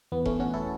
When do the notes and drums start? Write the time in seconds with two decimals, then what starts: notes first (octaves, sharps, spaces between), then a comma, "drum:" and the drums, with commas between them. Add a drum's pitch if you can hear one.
0.12 E2 B3
0.25 A3 C#4, drum: kick F1
0.40 E2 C#4 F#4
0.54 E4 A4